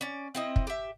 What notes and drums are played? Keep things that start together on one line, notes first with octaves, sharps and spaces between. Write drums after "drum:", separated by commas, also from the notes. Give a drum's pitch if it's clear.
C#4 D5
C4 E4 D#5
drum: kick
G4 E5